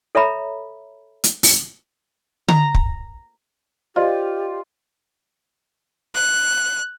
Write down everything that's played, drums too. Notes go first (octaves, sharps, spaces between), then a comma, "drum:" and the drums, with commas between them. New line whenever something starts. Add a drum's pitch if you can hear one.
A4 C#5 E5 A#5 B5
drum: hi-hat
drum: open hi-hat
A#5, drum: tom D3
drum: kick
F4 G4 C5 D5 D#5
F#6